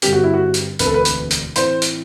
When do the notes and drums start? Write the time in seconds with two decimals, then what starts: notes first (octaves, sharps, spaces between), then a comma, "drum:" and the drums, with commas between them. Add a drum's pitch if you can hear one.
0.02 G2 D3 G3 C4 G4, drum: hi-hat
0.13 F#4
0.24 E4
0.34 F#4
0.54 drum: hi-hat
0.79 E1 D2 D3 A3 C4 B4, drum: hi-hat
0.86 A4
0.94 B4
1.05 drum: hi-hat
1.30 drum: hi-hat
1.55 A2 E3 A3 C4 C5, drum: hi-hat
1.82 drum: hi-hat